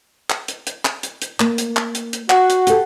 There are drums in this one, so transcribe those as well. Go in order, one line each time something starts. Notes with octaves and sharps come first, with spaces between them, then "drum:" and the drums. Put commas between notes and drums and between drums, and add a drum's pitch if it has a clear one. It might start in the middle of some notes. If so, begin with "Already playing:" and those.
drum: clap
drum: hi-hat
drum: hi-hat
drum: clap
drum: hi-hat
drum: hi-hat
A#3, drum: clap
drum: hi-hat
drum: clap
drum: hi-hat
drum: hi-hat
F#4 F#5, drum: clap
drum: hi-hat
G4 A4, drum: hi-hat